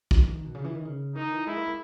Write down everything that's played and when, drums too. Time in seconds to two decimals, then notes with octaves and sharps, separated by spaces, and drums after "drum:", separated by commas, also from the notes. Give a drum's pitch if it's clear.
0.11 drum: kick B1
0.24 E3
0.33 D#3
0.45 B2
0.55 C#3
0.64 E3
0.74 D#3
0.85 C#3
1.15 D#3 D#4
1.32 E3
1.47 G#3 E4
1.57 A#3
1.67 G#3